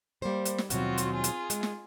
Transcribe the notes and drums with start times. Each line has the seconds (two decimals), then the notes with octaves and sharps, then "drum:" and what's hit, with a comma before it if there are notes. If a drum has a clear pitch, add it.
0.22 G3 A#3 C5
0.45 drum: hi-hat
0.58 drum: snare
0.70 D#2 B2 F#3 C4 F4 F#4, drum: hi-hat
0.98 drum: hi-hat
1.14 F4 G#4
1.24 drum: hi-hat
1.50 G#3, drum: hi-hat
1.63 drum: snare